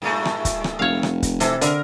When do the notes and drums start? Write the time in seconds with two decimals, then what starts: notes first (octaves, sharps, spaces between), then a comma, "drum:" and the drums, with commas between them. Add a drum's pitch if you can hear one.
0.02 G2 A#2 A3
0.25 drum: rim click
0.45 drum: kick, hi-hat
0.64 drum: rim click
0.79 F1 C#5 F5
1.03 drum: rim click
1.23 drum: kick, hi-hat
1.40 C3 E3 A4, drum: hi-hat
1.61 D3 A#4, drum: hi-hat